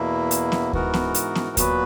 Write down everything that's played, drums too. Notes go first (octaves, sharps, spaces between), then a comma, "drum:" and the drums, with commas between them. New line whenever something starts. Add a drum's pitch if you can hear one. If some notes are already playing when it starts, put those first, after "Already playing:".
Already playing: E2 B2 A#3 E4
drum: hi-hat
drum: snare B3
G#2 E3 B3 F#4 A#4, drum: kick D2
drum: snare B3
drum: hi-hat
drum: snare B3
A#2 F#3 B3 F#4 B4, drum: kick D2, hi-hat